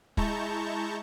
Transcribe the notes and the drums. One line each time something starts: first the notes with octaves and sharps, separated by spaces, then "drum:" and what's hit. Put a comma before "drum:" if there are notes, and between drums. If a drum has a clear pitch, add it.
G#3 E4 A5 A#5 C#6 G6, drum: kick